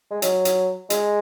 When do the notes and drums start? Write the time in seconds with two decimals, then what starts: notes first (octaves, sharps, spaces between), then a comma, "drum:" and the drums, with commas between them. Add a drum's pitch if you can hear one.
0.11 G#3
0.22 F#3, drum: hi-hat
0.45 drum: hi-hat
0.90 G#3, drum: hi-hat